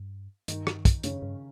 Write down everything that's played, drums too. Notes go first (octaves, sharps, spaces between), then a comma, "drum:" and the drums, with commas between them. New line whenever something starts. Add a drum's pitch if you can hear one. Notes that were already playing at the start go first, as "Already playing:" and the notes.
Already playing: G2
G2 D#3 D#4, drum: hi-hat
drum: rim click
drum: kick, hi-hat
F#2 C#3 C#4, drum: hi-hat
G2